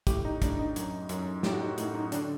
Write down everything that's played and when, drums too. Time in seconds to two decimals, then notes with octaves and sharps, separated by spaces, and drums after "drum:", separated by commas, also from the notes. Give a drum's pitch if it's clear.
0.07 A2 G4, drum: kick, hi-hat
0.25 D#4
0.42 A2 D4, drum: kick, hi-hat
0.59 D#4
0.76 F#2, drum: hi-hat
1.09 F#2, drum: hi-hat
1.43 A2 G4, drum: snare
1.52 F#4
1.61 D#4
1.78 A2 D#4, drum: hi-hat
1.95 D#4
2.12 D3 D4, drum: hi-hat